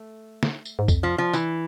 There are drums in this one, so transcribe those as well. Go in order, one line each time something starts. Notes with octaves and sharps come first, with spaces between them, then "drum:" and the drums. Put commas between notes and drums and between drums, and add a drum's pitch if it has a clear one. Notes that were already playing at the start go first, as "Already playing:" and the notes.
Already playing: A3
drum: snare
drum: tambourine
G#2
F2, drum: kick, tambourine
F3
F3
E3, drum: tambourine